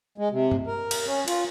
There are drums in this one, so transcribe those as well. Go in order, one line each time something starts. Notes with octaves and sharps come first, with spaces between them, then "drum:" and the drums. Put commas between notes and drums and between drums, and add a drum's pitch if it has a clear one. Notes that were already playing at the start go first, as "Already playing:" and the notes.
G#3
C3
drum: tom G2
A#4
drum: cymbal
C#4
F4, drum: cymbal